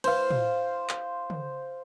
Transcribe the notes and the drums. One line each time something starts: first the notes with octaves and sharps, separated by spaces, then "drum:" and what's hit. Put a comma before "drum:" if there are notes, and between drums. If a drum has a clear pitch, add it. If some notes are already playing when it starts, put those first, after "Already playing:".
C5 F5, drum: cymbal
drum: tom
drum: clap
drum: tom